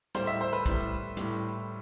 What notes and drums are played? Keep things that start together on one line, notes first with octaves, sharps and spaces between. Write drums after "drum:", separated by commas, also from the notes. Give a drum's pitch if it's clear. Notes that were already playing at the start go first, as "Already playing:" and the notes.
A2 G3 C5, drum: hi-hat
E5
C5
B4
A2 G3, drum: kick, hi-hat
A2 G3, drum: hi-hat